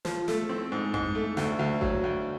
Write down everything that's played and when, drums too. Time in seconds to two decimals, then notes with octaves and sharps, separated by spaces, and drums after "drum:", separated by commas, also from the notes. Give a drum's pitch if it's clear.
0.05 F3, drum: snare
0.28 A3, drum: snare
0.49 C4
0.72 G#2
0.94 G#2, drum: tom F2
1.15 A3
1.37 D2, drum: snare
1.59 D2
1.81 F#3, drum: kick G#1
2.04 D2